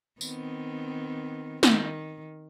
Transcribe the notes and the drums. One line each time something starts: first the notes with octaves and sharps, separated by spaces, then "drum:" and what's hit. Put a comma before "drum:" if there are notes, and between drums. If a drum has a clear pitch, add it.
D#3 B3 C4, drum: tambourine
D#3, drum: snare